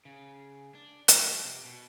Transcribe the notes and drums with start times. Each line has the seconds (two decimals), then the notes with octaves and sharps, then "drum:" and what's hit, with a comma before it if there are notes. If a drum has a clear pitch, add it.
0.05 C#3
0.75 D4
1.08 F2 G3, drum: hi-hat
1.45 C3
1.65 B2